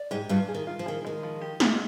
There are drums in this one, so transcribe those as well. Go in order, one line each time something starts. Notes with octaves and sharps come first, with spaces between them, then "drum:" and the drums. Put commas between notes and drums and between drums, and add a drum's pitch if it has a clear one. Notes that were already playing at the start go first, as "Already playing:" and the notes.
Already playing: D5
G#2 G#3 G4
G2 G3 F4
G#4
D#3
F4
F3
D#3 G#4
D#3 G#3
F3
G4
G#3, drum: snare